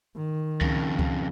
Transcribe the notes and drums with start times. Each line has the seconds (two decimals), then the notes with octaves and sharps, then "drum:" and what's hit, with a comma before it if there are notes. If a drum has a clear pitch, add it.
0.16 D#3
0.61 F2 C#3, drum: kick C#2
0.99 drum: kick C#2